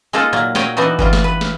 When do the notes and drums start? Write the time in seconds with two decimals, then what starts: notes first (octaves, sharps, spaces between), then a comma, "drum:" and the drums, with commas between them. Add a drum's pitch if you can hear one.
0.13 G#3 A#3 D#4 F4 A4
0.33 A#2 F#3 A#3
0.55 F#3 C#5 D#5 G5, drum: snare
0.77 E3 B3 D4 D#4 F#4
0.99 E3 G3 F4, drum: kick G1
1.13 drum: snare
1.24 B4
1.41 drum: snare